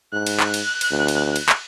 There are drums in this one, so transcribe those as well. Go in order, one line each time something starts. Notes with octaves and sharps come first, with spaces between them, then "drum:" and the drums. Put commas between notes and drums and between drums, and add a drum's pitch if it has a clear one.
G#2 F#6
drum: cymbal
drum: clap
drum: cymbal
drum: cymbal
D2
drum: cymbal
drum: cymbal
drum: clap